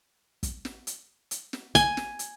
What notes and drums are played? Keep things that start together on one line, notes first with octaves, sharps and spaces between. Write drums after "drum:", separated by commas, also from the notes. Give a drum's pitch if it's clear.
drum: kick, hi-hat
drum: snare
drum: hi-hat
drum: hi-hat
drum: snare
G#5, drum: kick, hi-hat
drum: snare
drum: hi-hat